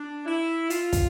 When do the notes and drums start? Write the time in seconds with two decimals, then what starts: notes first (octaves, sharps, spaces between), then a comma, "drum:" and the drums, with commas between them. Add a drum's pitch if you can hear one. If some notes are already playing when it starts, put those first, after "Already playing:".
Already playing: D4
0.26 E4
0.70 F4, drum: hi-hat
0.93 drum: kick, hi-hat